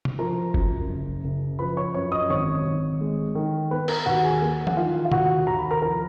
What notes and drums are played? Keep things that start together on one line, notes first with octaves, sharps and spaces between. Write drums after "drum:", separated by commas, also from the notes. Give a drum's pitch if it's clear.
drum: tom C3
F3 A#4 A#5
F#2, drum: kick F#1
F#1
F#1
F3 B4 B5
C#5 C#6
F#2 C#5 C#6
D#5 D#6
G#1 C#5 C#6
G#1
G#3
D#3
B3 B4 B5
A#4 A#5, drum: cymbal
D#2 F#4 F#5
G#4 G#5
A#3
F#5, drum: tom
D#3 F4 F5
F5
D#2 F#4 F#5, drum: tom C3
D#2 A#5
B5
A#4 A#5
F3 A#4 A#5